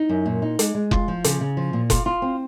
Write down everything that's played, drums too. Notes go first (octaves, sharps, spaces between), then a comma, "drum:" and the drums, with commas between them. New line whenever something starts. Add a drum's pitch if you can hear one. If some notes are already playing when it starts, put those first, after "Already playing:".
Already playing: D#4
F#2
A#2
D#4
G#3, drum: hi-hat
G#3
F4, drum: kick F1
F3
C#3, drum: hi-hat
C#3
F3
A#2
F4, drum: kick F1, hi-hat
F4
C4